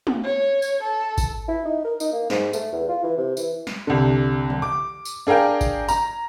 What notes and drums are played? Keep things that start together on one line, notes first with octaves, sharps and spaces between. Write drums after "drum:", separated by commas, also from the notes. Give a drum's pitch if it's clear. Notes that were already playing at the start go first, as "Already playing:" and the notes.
drum: tom
C#5
drum: tambourine
A4
drum: kick G#1, tambourine
E4
D#4
A#4
D#4, drum: tambourine
A#3
G#2, drum: snare
A3, drum: tambourine
E2
F4
E3
C3
E3, drum: tambourine
drum: snare
C2 D3
drum: tom C#3
D6
drum: tambourine
D4 G#4 A#4 F5 G5
drum: kick G#1, tambourine
A#5, drum: tambourine